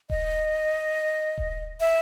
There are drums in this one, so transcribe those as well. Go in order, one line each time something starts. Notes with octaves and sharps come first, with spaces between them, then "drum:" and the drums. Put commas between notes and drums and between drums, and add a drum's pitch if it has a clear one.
D#5, drum: kick D#1
drum: kick D#1
E5